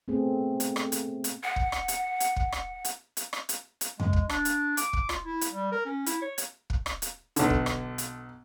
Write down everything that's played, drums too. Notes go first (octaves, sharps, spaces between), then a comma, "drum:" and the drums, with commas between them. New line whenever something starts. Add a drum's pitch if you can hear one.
A3 B3 C4 G#4
drum: hi-hat
drum: rim click
drum: hi-hat
drum: hi-hat
F#5
drum: kick
drum: rim click
drum: hi-hat
drum: hi-hat
drum: kick
drum: rim click
drum: hi-hat
drum: hi-hat
drum: rim click
drum: hi-hat
drum: hi-hat
G#3, drum: tom F2
drum: kick
D4, drum: rim click
drum: hi-hat
D6, drum: hi-hat
drum: kick
F4, drum: rim click
E4
drum: hi-hat
G3
A#4
C#4
E4, drum: hi-hat
C#5
drum: hi-hat
drum: kick
drum: rim click
drum: hi-hat
B1 D3, drum: hi-hat
drum: kick
drum: rim click
drum: hi-hat